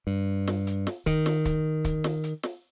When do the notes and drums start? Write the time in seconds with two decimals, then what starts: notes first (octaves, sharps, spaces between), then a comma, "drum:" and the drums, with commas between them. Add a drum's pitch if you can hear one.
0.07 G2
0.48 drum: snare
0.67 drum: hi-hat
0.87 drum: snare
1.06 D#3, drum: kick, hi-hat
1.26 drum: snare
1.45 drum: kick, hi-hat
1.85 drum: kick, hi-hat
2.04 drum: snare
2.24 drum: hi-hat
2.43 drum: snare